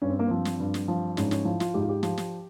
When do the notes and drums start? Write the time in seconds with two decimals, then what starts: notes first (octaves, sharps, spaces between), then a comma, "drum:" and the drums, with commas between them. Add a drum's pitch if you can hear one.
0.02 G2 C#4
0.10 C4
0.19 A#3
0.27 F3 C4
0.45 drum: snare
0.60 G2
0.74 drum: snare
0.88 F3
1.17 G#2 C#4, drum: snare
1.31 C#4, drum: snare
1.45 F3 E4
1.60 F4, drum: snare
1.74 G#2 G4
1.81 F4
1.89 G4
2.03 F3, drum: snare
2.18 drum: snare